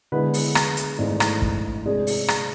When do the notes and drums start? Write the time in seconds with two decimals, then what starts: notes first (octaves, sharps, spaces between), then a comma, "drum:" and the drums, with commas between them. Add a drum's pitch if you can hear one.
0.12 D3 G#3 B3 E4 B4
0.34 drum: open hi-hat
0.55 drum: rim click
0.77 drum: hi-hat
0.98 G#1 G#2 E3 A3 D4
1.20 drum: rim click
1.42 drum: kick
1.85 C3 G#3 D4 G#4
2.07 drum: open hi-hat
2.28 drum: rim click